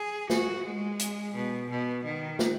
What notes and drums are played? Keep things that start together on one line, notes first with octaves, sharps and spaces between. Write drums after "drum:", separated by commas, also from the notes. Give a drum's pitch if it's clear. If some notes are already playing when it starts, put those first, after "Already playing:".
Already playing: G#4
F#4, drum: snare
G#3
drum: hi-hat
B2
B2
D#3
drum: snare